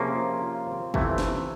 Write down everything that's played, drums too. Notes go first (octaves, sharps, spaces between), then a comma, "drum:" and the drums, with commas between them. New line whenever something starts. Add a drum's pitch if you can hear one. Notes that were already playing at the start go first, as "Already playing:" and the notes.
Already playing: C3 F3 A#3 C#4 G#4
F4
F4
C4
C3 E3 A3, drum: kick
drum: snare